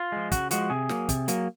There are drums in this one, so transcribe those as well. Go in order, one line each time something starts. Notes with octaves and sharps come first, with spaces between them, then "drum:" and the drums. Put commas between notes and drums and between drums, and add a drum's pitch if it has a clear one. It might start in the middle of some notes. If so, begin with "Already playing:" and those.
Already playing: F4
F3 G#3
C#3 F#4, drum: kick, hi-hat
F3 G#3 F#4, drum: hi-hat
C3 G#4
F#3 A#3, drum: snare
C3, drum: kick, hi-hat
F#3 A#3, drum: hi-hat